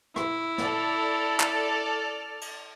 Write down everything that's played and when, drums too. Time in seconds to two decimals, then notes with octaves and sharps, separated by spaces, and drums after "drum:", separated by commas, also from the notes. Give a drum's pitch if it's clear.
0.16 E4, drum: rim click
0.58 A4 D5 F6, drum: snare
1.40 drum: clap
2.41 drum: cymbal